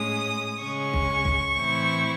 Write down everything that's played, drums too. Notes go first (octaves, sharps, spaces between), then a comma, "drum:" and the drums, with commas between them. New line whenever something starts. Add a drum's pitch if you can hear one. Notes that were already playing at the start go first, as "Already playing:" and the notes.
Already playing: A2 G#3 C#4 D#6
C#3 G#3 C#4 C#6
drum: kick
drum: kick
A2 E3 C4 E4